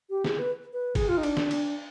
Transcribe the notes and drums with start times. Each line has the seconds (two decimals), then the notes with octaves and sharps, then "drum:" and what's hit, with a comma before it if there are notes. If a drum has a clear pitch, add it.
0.10 G4
0.24 G#4, drum: snare
0.39 B4
0.73 B4
0.95 G#4, drum: kick G1, cymbal
1.09 F4
1.18 D#4
1.23 D4, drum: cymbal
1.37 drum: snare
1.51 drum: cymbal